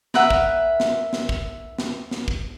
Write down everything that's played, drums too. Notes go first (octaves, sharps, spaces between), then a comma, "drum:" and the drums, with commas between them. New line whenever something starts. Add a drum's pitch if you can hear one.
A#4 B4 E5 F#5, drum: snare
drum: kick
drum: snare
drum: snare
drum: kick
drum: snare
drum: snare
drum: kick